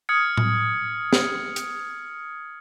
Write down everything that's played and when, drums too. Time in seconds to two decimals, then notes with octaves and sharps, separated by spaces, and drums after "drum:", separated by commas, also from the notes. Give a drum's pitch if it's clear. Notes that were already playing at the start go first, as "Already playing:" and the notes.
0.09 D#6 F6 G#6 C#7
0.37 drum: tom A2
1.13 drum: snare
1.56 drum: hi-hat